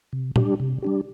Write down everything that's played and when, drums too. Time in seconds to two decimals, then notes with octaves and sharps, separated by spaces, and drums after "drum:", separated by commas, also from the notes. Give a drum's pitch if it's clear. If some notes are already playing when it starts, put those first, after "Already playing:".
0.13 C3
0.36 G3 D4 G4, drum: tom
0.60 C3
0.82 G3 D4 G4